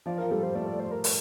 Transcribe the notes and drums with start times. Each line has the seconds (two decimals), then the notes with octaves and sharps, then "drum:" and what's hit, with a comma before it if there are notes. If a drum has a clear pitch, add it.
0.06 F3 F4 D5
0.18 F4 A#4
0.31 G3 G4 A4
0.43 C5
0.55 A3 A4 D5
0.67 D5
0.80 C5
0.91 A#4
1.04 A#4, drum: open hi-hat